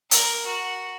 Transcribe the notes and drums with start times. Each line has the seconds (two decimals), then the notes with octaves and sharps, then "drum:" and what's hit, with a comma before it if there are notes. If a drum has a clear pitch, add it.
0.11 A#4, drum: hi-hat
0.46 F#4